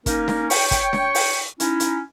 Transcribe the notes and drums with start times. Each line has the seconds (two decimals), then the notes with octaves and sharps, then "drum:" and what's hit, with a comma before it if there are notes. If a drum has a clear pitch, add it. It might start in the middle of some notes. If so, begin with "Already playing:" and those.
0.06 A#3 C#4 D#4 A#4, drum: kick, hi-hat
0.28 drum: snare
0.50 C#5 G5 C#6, drum: open hi-hat
0.71 drum: kick, hi-hat
0.93 drum: snare
1.15 drum: open hi-hat
1.60 C#4 D#4 E4, drum: hi-hat
1.80 drum: hi-hat